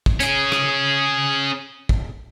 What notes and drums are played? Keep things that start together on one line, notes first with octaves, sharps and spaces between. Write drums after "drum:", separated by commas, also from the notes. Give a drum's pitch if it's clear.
drum: kick
C#4 G#4, drum: hi-hat
drum: rim click
drum: kick